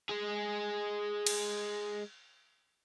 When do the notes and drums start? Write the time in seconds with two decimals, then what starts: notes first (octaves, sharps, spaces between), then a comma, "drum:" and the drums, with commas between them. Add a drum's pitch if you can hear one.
0.09 G#3 G#4
1.27 drum: cymbal